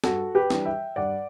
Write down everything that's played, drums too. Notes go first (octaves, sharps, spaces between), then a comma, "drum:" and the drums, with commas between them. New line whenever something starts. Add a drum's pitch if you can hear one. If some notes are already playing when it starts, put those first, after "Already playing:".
G2 F#4 A4, drum: snare
G4 B4
E3 G3 D4, drum: snare
E5 G5
G2 D5 F#5